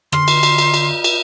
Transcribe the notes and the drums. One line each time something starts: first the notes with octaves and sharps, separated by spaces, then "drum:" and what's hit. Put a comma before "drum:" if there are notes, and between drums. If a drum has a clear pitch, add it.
D3 C6 F6, drum: rim click
drum: cymbal
drum: cymbal
drum: cymbal
drum: cymbal
drum: cymbal